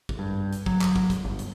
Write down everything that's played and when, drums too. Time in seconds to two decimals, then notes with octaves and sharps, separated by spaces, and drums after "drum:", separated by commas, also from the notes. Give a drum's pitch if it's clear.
0.09 drum: kick
0.19 G2
0.52 drum: hi-hat
0.66 F#3, drum: kick
0.81 drum: clap
0.96 drum: kick
1.10 drum: kick, hi-hat
1.24 G1
1.39 drum: hi-hat